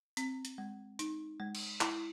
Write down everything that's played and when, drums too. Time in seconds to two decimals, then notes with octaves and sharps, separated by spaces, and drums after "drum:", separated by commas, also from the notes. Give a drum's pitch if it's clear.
0.17 C4, drum: hi-hat
0.45 drum: hi-hat
0.58 G#3
0.99 D#4, drum: hi-hat
1.40 G#3
1.55 drum: cymbal
1.81 E4, drum: clap